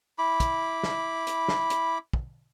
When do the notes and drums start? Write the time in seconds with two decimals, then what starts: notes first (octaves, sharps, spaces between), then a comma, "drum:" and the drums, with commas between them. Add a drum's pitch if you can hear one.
0.18 E4 B5 D6
0.40 drum: kick, hi-hat
0.83 drum: snare
1.27 drum: hi-hat
1.48 drum: snare
1.70 drum: hi-hat
2.13 drum: kick